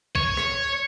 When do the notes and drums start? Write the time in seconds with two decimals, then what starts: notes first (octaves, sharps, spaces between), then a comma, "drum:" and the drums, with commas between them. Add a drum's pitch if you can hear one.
0.15 C#5, drum: kick B1
0.37 drum: rim click